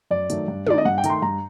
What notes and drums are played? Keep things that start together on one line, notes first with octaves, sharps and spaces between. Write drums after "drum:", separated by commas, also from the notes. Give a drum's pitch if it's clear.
F#2 D5
D#3 F#3 A3, drum: hi-hat
G2
D#3 A3 D5, drum: tom
D#5
G2 F#5
G5
D#3 A3 A#5, drum: hi-hat
C6
G2 A#5